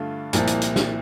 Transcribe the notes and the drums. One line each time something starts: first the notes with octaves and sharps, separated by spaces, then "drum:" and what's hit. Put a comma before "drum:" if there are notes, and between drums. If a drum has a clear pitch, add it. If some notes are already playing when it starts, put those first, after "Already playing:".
Already playing: G2 D3 A3 D4 F4
C2 A#2 F3 A#3 E4, drum: hi-hat
drum: hi-hat
drum: hi-hat
drum: snare